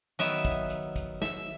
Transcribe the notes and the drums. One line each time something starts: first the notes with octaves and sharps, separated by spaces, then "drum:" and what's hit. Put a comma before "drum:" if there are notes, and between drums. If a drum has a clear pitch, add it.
D#3 F#3 B3 E5
drum: kick, hi-hat
drum: hi-hat
drum: kick, hi-hat
E5, drum: snare